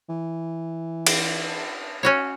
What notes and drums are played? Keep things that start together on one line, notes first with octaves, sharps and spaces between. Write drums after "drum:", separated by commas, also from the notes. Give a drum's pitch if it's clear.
E3
drum: cymbal
C#4 F#4 C#5